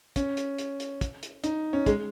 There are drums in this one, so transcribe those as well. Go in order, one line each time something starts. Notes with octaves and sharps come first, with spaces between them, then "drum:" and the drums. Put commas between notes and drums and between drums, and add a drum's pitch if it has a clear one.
C#4, drum: kick, hi-hat
drum: hi-hat
drum: hi-hat
drum: hi-hat
drum: kick, hi-hat
drum: hi-hat
D#4, drum: hi-hat
C#4
G#3, drum: kick, hi-hat